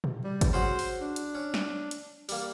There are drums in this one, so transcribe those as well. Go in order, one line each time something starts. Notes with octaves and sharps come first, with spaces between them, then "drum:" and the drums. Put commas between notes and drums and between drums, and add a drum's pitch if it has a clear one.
drum: tom A#2
G3
drum: kick G#1, hi-hat
C#4 F#4 G#4 C5
drum: open hi-hat
D4
drum: hi-hat
C#4
drum: snare
drum: hi-hat
G3 A#3, drum: open hi-hat